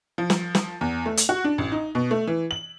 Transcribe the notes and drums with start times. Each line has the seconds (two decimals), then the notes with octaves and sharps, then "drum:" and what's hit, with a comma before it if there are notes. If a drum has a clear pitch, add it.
0.18 F3
0.30 drum: snare
0.55 drum: snare
0.81 E2
1.06 A3
1.17 drum: hi-hat
1.29 F#4
1.44 D4
1.58 A1
1.72 D#4
1.95 B2
2.11 A3
2.27 E3
2.51 F#7